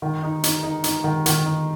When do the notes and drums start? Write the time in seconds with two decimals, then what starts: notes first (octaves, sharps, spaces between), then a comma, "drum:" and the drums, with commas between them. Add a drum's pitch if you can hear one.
0.02 D#3
0.23 D#4
0.43 D#4, drum: hi-hat
0.63 D#4
0.84 D#4, drum: hi-hat
1.04 D#3
1.26 D#3, drum: hi-hat
1.45 D#4